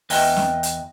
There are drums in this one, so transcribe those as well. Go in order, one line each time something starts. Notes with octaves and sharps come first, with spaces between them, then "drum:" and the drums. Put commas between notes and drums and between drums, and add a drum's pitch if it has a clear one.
E2 B4 D#5 E5 G5, drum: open hi-hat
drum: snare
drum: hi-hat